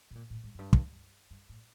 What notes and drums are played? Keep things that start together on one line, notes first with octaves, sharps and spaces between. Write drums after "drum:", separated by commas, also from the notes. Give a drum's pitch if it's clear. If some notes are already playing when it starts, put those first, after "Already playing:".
B2
A#2
A2
G#2
F#2
G2
drum: kick
G2
A2